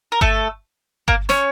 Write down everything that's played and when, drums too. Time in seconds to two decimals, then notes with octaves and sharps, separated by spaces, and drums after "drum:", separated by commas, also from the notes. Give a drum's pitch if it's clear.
0.12 A#4
0.21 A3 A4, drum: kick G1
1.08 A#3 A#4, drum: kick G1
1.29 C#4 C#5, drum: snare